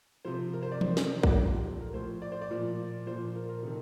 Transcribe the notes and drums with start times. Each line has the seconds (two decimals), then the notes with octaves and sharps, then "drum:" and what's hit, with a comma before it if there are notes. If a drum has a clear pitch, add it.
0.25 C3 F3 C5
0.53 A#4
0.62 C5
0.72 D5
0.81 C3 D#3 C5, drum: tom
0.97 drum: snare
1.10 A#4
1.23 A4, drum: kick A#1
1.37 A#2 F3 G4
1.58 G4
1.66 A4
1.80 A#4
1.93 A2 F3 C5
2.22 D5
2.32 C5
2.41 D5
2.50 A#2 F3
3.06 A#2 F3 C5
3.35 A#4
3.49 A#4
3.63 C3 D#3 A4